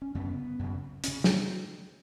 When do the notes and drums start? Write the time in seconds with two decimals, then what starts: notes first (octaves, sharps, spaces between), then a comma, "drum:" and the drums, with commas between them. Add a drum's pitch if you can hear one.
0.02 C#4
0.15 F#2 C#3 B3
0.59 F#2 C#3
1.04 C#3 C#4, drum: hi-hat
1.24 drum: snare